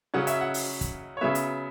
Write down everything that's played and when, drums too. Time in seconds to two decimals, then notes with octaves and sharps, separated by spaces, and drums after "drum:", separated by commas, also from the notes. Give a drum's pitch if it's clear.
0.14 C#3 F#3 C#4 F#5
0.27 E5, drum: hi-hat
0.41 F#5
0.54 drum: open hi-hat
0.81 drum: kick, hi-hat
1.17 C#5
1.21 C#3 F#3 B3 E5
1.35 drum: hi-hat